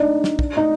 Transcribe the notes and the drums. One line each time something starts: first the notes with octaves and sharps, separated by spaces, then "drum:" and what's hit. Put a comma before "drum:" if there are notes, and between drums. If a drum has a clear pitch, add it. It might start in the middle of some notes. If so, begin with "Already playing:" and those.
Already playing: D4 D#4
drum: snare
drum: kick
D#4